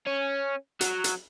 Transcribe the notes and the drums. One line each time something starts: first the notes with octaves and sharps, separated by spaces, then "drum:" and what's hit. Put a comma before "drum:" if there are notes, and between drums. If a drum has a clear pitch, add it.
C#4
F#3, drum: hi-hat
drum: hi-hat